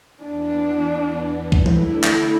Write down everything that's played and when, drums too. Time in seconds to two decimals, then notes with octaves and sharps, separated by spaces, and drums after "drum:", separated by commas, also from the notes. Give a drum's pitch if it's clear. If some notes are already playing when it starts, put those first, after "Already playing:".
0.23 E2 E3 B3 D4
1.52 drum: kick
1.66 D3 A3 D4 E4 A4 E5, drum: tom E3
2.04 drum: clap